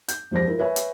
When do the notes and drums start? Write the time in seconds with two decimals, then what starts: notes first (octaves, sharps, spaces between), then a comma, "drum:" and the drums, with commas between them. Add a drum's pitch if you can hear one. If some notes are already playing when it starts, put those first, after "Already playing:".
0.08 G6, drum: hi-hat
0.31 E1 F3 G3 C5 A#6
0.47 E4 F4 A#4
0.59 B4 C#5 E5 G#5
0.76 drum: hi-hat